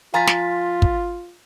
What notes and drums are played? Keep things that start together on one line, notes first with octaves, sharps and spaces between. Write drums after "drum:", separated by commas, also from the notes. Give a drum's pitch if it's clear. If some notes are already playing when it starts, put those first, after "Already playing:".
F3 F4 F5 G#5 A#5 A6 B6
drum: snare
drum: kick